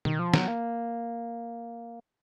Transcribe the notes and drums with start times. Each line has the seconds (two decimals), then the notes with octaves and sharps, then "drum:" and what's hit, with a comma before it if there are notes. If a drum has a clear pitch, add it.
0.05 D#3, drum: tom B2
0.19 F3
0.34 F#3, drum: snare
0.48 A#3